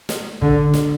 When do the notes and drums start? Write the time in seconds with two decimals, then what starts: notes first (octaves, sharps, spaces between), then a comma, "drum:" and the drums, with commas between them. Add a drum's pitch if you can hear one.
0.09 drum: snare
0.41 D3, drum: kick
0.74 drum: snare